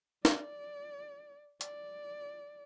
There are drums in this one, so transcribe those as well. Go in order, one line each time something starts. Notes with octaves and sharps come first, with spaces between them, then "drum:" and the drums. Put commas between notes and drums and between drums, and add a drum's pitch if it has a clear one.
D5, drum: snare
D5, drum: hi-hat